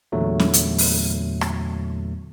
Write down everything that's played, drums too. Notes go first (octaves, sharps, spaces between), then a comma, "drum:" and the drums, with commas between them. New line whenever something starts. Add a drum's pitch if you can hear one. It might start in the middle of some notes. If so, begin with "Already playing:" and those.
E2 A#2 D3 F#3 A3
drum: snare
drum: hi-hat
drum: open hi-hat
drum: rim click